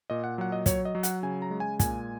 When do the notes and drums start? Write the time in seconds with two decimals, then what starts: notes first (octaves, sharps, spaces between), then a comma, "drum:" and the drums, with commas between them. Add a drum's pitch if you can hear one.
0.10 A#2 D#5
0.24 F#5
0.38 F#3 F#5
0.52 D#5
0.66 F#3 C#5, drum: kick, hi-hat
0.85 D#5
0.95 F#3
1.03 F#5, drum: hi-hat
1.23 C#3 G#5
1.42 A#5
1.51 G#3
1.60 G#5
1.80 A#2 G#5, drum: kick, hi-hat